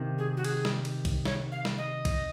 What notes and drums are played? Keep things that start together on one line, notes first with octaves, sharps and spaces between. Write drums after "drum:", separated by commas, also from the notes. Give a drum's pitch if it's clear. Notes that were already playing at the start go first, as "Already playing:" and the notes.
Already playing: C3 D#3 A#3
G#4
F#4
G#4, drum: cymbal
drum: snare
drum: cymbal
drum: kick B1, cymbal
C#5, drum: snare
F5
drum: snare
D#5
drum: kick B1, cymbal